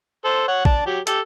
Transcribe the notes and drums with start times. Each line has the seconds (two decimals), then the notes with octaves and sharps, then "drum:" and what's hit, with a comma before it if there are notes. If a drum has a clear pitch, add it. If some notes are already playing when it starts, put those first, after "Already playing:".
0.25 A4 C5
0.48 C#5 F#5
0.65 D5 A5, drum: kick A#1
0.86 F#3 G4
1.07 G4 A4, drum: hi-hat